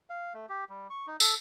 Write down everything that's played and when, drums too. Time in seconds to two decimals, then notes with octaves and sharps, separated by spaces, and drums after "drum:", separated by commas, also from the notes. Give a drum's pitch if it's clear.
0.10 F5
0.34 A3
0.49 G4
0.69 G3
0.90 C#6
1.07 D#4
1.20 A4, drum: tambourine